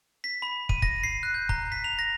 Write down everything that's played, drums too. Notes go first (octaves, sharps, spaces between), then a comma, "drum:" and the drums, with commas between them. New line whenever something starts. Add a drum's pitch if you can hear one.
B6
B5
D#7, drum: kick
A#6, drum: kick
C7
F#6
G6
A#5, drum: kick
B6
F7
A#6